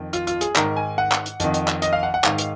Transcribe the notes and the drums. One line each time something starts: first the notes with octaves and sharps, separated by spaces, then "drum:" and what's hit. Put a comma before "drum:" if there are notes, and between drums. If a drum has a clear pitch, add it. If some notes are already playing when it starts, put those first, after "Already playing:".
Already playing: F2 D#3
F4, drum: hi-hat
F4, drum: hi-hat
G#4, drum: hi-hat
G#2 D#3 A#4, drum: clap
G#5
F#5
drum: clap
drum: hi-hat
F2 D#3, drum: hi-hat
drum: hi-hat
drum: clap
D#5, drum: hi-hat
F5
F#5
F#5
G#2 D#3 F5, drum: clap
drum: hi-hat